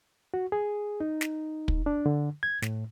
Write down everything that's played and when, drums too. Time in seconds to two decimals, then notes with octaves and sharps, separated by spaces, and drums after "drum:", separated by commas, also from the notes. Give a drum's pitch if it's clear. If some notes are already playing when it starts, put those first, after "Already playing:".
0.34 F#4
0.52 G#4
1.00 D#4
1.21 drum: snare
1.68 drum: kick
1.86 D4
2.06 D3
2.43 G#6
2.62 A2, drum: snare